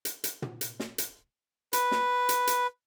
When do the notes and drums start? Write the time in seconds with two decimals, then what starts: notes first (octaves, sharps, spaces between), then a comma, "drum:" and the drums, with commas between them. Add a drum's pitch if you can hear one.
0.05 drum: hi-hat
0.24 drum: hi-hat
0.42 drum: tom
0.61 drum: hi-hat
0.80 drum: snare
0.98 drum: hi-hat
1.73 B4, drum: hi-hat
1.91 drum: snare
2.29 drum: hi-hat
2.47 drum: hi-hat